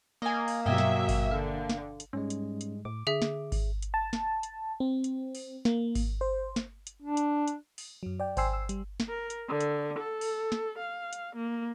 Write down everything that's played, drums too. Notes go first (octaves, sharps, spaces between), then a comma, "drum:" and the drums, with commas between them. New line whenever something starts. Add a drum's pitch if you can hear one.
A#3 D#5 G#5
drum: open hi-hat
G2 B2 F#3 G4 D#5 E5 G#5
drum: snare
drum: kick G#1, open hi-hat
D3 F5
drum: snare
drum: hi-hat
G#2 G3 G#3 C#4
drum: hi-hat
drum: hi-hat
A2 D6
D3 G#4 E5
drum: snare
drum: kick G#1, open hi-hat
drum: hi-hat
A5
drum: snare
drum: hi-hat
C4
drum: hi-hat
drum: open hi-hat
A#3, drum: snare
drum: kick G#1, open hi-hat
C5
drum: snare
drum: hi-hat
D4
drum: hi-hat
drum: hi-hat
drum: open hi-hat
F#2 F#3
D5 G5
C5 G5 G#5 C6 E6 C7, drum: kick G#1, open hi-hat
E6
G3, drum: hi-hat
drum: snare
A#4
drum: hi-hat
D3
drum: hi-hat
A4
drum: open hi-hat
drum: snare
F5
drum: hi-hat
A#3